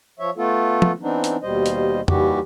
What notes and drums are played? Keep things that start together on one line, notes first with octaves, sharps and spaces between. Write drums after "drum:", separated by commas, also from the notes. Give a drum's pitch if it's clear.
F3 C#5 E5
A3 B3 F4 A4
drum: tom
E3 B3 C4 D4 D#4
drum: hi-hat
D#2 B2 G3 C5 D#5
drum: hi-hat
D#2 D#3 E3 G3 F#4 G4, drum: tom F2